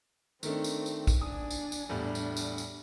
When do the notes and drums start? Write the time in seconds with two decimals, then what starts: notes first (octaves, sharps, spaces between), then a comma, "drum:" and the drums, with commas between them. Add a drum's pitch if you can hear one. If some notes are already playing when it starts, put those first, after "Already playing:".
0.43 D#3 A3 C4 D4, drum: tambourine
0.64 drum: tambourine
0.86 drum: tambourine
1.07 drum: kick, tambourine
1.21 D4 G#5 D#6
1.50 drum: tambourine
1.72 drum: tambourine
1.89 E2 A2 G3 D4
2.15 drum: tambourine
2.37 drum: tambourine
2.58 drum: tambourine